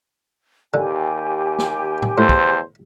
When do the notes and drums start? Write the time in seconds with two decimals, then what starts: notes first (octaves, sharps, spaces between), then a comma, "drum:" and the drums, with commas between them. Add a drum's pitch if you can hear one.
0.74 D#2 D3 G4 G#5
1.58 drum: snare
2.02 drum: tom A2
2.18 E2 A2 C5
2.29 drum: kick